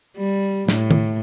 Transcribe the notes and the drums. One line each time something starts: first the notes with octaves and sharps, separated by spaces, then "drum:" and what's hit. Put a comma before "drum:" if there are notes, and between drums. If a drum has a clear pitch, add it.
G3
A2, drum: snare
drum: tom D#3